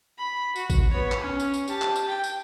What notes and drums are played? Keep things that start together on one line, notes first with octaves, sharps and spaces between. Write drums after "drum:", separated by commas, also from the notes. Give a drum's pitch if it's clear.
B5
F#4, drum: tambourine
drum: kick, tambourine
B3 C#5
drum: clap
C#4
drum: tambourine
drum: tambourine
G4 A5, drum: tambourine
drum: clap
drum: tambourine
G5
drum: tambourine